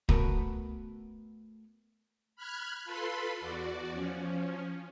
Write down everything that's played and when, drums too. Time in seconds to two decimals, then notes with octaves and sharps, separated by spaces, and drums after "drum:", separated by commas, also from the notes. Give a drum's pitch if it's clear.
0.09 A3 B3 F#4 A#4 B4, drum: kick
2.36 B5 F6 F#6 G#6
2.85 F4 A4 B4 B5 C6
3.41 E2 F#4 D5
3.93 F3 C#4